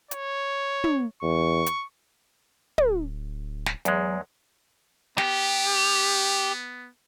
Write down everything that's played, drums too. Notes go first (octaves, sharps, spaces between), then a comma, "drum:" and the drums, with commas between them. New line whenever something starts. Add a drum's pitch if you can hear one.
C#5, drum: hi-hat
drum: tom
E2 C#6
drum: hi-hat
D1, drum: tom
drum: snare
E2 F#3 G#3, drum: hi-hat
B3 G4, drum: snare